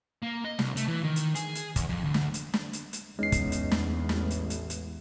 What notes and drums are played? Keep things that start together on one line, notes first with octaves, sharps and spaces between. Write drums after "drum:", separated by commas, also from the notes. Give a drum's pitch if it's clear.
A#3
D#5
C2, drum: snare
A3, drum: hi-hat
E3
D#3
drum: hi-hat
G#4, drum: hi-hat
drum: hi-hat
E2, drum: kick, hi-hat
F2
D2
drum: snare
drum: hi-hat
drum: snare
drum: hi-hat
drum: hi-hat
E2 G#3 B3 C#4 D#4 C7
drum: kick, hi-hat
drum: hi-hat
drum: snare
A1, drum: snare
drum: hi-hat
drum: hi-hat
drum: hi-hat